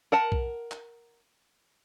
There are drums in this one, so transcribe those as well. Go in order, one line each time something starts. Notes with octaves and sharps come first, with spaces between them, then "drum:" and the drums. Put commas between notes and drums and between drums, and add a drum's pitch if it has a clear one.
A#4 F#5 A5
drum: kick B1
drum: clap